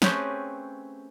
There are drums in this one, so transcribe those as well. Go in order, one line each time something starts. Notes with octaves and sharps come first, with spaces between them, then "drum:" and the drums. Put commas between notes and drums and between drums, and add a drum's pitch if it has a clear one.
A3 C4 C#4 G4 G#4 B4, drum: snare